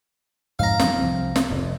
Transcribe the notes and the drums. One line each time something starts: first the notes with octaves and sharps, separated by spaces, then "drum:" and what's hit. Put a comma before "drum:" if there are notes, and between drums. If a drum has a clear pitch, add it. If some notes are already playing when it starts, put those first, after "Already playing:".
F2 G#2 F5 A#5
E3 G3 D4, drum: snare
C2 F3 C4
drum: snare
F1 F2